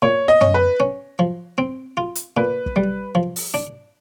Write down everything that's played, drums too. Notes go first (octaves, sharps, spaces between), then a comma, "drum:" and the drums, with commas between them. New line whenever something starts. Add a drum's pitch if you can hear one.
A#2 C#5
D#5
C#4, drum: tom
B4
C#4
F3
C4
F4
drum: hi-hat
A#2 B4
drum: kick
G3
F3
drum: open hi-hat
D4